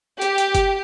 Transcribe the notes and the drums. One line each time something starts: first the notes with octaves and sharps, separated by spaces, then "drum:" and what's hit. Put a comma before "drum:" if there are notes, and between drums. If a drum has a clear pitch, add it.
G4, drum: hi-hat
drum: hi-hat
drum: kick F#1, hi-hat